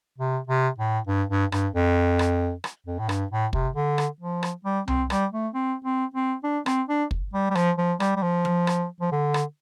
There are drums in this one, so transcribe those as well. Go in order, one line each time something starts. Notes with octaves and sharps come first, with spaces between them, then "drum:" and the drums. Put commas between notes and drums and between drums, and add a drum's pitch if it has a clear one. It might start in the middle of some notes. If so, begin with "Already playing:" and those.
C3
C3
A2
G2
G2
G2, drum: rim click
F2
drum: rim click
drum: rim click
F2
A2
G2, drum: rim click
A2
C3, drum: kick
D3
drum: rim click
F3
drum: rim click
G3
C4, drum: tom C2
G3, drum: rim click
A3
C4
C4
C4
D4
C4, drum: rim click
D4
drum: kick
G3
G3
F3, drum: rim click
F3
G3, drum: rim click
G3
F3
drum: tom F3
drum: rim click
F3
D3
drum: rim click